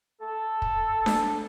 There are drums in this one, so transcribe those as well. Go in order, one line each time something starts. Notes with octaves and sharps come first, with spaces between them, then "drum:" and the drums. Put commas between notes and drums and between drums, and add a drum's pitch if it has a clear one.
A4
drum: kick
drum: snare D4